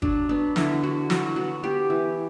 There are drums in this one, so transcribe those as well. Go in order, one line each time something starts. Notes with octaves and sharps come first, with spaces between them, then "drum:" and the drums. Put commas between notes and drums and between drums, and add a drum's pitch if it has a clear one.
F#3 D4, drum: kick
B3 D4
D3 E4, drum: snare
D3 F#4
F#3 F#4, drum: snare
B3 F#4
B3 G4
E3